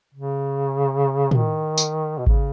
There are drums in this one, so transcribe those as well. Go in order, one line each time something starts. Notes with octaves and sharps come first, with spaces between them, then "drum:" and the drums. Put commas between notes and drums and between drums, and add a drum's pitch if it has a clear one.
C#3
D#3, drum: tom A2
drum: tambourine
B2
C#3, drum: kick G#1